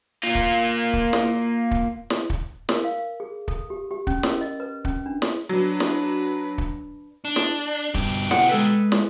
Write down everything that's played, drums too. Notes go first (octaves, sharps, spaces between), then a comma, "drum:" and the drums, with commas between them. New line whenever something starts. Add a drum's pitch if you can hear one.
A#3 F4
drum: kick
drum: kick
drum: snare
drum: kick
drum: snare
drum: kick
A#4, drum: snare
F5
G#4
A4, drum: kick
G4
G4
C#4, drum: kick
A#4, drum: snare
D#5
B4
C#4, drum: kick
D4
drum: snare
F#3 D4 B4
drum: snare
drum: kick
D4
drum: snare
G2 B2 G4, drum: kick
F#5, drum: snare
G#3 A4 B4
drum: snare